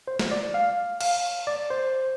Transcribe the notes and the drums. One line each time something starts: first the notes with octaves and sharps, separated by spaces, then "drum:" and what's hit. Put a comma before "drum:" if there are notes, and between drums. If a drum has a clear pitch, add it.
C5
drum: snare
D5
F5
F5, drum: cymbal
D5
C5